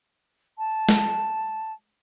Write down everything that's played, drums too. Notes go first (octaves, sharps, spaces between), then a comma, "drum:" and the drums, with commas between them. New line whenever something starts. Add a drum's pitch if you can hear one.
A5
drum: snare